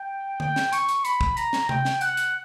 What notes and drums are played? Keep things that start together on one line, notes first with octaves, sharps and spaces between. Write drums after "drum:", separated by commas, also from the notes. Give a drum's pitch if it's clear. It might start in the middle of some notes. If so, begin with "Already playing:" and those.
Already playing: G5
G5, drum: tom D3
drum: snare
C#6, drum: hi-hat
drum: hi-hat
B5, drum: hi-hat
drum: kick
A#5, drum: hi-hat
drum: snare
G5, drum: tom C3
drum: snare
F#5, drum: hi-hat
drum: hi-hat